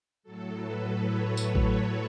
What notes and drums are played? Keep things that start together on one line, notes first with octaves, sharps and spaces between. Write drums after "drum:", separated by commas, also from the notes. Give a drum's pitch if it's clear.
A2 F#3 A4
B4
A4 C#5
drum: tambourine
drum: kick A1